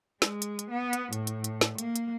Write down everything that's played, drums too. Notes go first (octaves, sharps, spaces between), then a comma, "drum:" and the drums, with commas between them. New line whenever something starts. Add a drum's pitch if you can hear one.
G#3, drum: snare
drum: hi-hat
drum: hi-hat
B3
drum: hi-hat
A2, drum: hi-hat
drum: hi-hat
drum: hi-hat
drum: snare
A#3, drum: hi-hat
drum: hi-hat